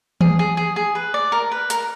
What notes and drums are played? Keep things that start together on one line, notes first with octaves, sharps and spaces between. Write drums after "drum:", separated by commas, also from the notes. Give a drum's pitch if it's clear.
G#4, drum: tom E3
G#4
G#4
G#4
B4
D5
A#4
B4
A#4, drum: hi-hat